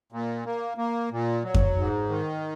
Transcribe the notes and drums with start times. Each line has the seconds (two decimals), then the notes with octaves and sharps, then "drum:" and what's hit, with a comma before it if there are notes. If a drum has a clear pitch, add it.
0.12 A#2
0.45 A#3
0.78 A#3
1.11 A#2
1.44 F#3
1.54 drum: kick F2
1.77 G#2
2.09 D#3